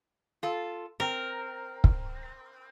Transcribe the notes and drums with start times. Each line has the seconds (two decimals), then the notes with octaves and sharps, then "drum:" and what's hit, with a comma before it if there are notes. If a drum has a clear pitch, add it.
0.43 F4 A4
1.00 C4 A#4
1.84 drum: kick